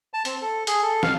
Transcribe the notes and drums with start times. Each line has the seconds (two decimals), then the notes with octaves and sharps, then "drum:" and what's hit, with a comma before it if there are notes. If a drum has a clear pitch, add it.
0.14 A5
0.25 C4, drum: hi-hat
0.42 A4
0.67 G#4, drum: hi-hat
0.82 A4
1.03 F5, drum: snare